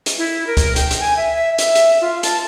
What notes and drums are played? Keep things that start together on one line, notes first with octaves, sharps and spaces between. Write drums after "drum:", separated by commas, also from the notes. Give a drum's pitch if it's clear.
drum: hi-hat
E4
A#4
drum: kick C#2, hi-hat
G5, drum: hi-hat
drum: hi-hat
G#5
E5
E5
E5, drum: hi-hat
drum: hi-hat
F4
A5, drum: hi-hat